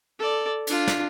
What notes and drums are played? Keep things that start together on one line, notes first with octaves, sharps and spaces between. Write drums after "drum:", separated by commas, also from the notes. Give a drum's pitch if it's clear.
A4 D5
D4 F4, drum: cymbal
drum: snare